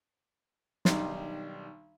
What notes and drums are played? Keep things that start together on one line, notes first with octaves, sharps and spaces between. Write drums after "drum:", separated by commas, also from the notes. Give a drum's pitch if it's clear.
B1 D#3 G3 D4 D#4 C6, drum: snare